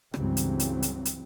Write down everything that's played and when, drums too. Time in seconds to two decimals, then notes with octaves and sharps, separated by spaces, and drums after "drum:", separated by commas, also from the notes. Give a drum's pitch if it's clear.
0.14 C#2 G2 C#3 E3 F#3 C4, drum: rim click
0.37 drum: hi-hat
0.60 drum: hi-hat
0.82 drum: hi-hat
1.05 drum: hi-hat